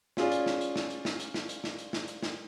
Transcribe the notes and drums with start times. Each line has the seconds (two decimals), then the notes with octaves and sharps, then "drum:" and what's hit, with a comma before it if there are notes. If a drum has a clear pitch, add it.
0.17 C#4 F4 G#4 D5, drum: snare
0.32 drum: hi-hat
0.46 drum: snare
0.61 drum: hi-hat
0.76 drum: snare
0.90 drum: hi-hat
1.05 drum: snare
1.20 drum: hi-hat
1.34 drum: snare
1.49 drum: hi-hat
1.64 drum: snare
1.78 drum: hi-hat
1.93 drum: snare
2.08 drum: hi-hat
2.23 drum: snare